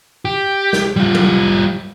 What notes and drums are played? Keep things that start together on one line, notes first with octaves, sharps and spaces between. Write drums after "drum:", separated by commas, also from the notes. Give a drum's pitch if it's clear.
G4
drum: snare
G3 F4
drum: tom F#3